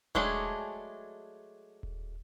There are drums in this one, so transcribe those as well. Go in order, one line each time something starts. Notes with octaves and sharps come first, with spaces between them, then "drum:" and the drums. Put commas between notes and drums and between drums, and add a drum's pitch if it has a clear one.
F#3 G#3 A3 D4 G#4, drum: kick D#1
drum: kick D#1